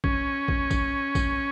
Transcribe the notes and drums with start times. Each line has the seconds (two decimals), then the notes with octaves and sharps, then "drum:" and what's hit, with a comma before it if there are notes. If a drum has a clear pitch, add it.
0.04 C#4, drum: kick
0.48 drum: kick
0.71 drum: kick, tambourine
1.15 drum: kick, tambourine